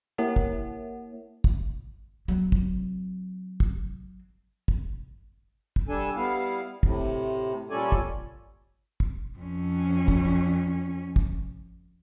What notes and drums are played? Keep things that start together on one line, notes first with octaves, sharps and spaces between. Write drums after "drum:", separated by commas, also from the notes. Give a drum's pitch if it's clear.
A#3 E4 A#4 C#5 E5 F#5
drum: kick
drum: kick
F#3 C4
drum: kick
drum: kick
drum: kick
drum: kick
G3 D4 A4 G#5
G3 B3 E4 F5
A2 C3, drum: kick
A#2 G3 C#4 A4 D5 G#5
drum: kick
drum: kick
F2 C#4
drum: kick
drum: kick